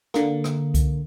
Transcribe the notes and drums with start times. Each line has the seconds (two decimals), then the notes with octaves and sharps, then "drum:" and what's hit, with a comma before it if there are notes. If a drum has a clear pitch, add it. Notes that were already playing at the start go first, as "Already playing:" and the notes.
0.14 D3 A#3, drum: rim click
0.44 drum: rim click
0.74 drum: kick C2, hi-hat